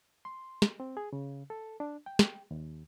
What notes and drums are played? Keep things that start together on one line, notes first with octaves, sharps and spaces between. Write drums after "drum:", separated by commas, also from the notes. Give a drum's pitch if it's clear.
C6
drum: snare
C4
G#4
C#3
A4
D4
G5
drum: snare
D#2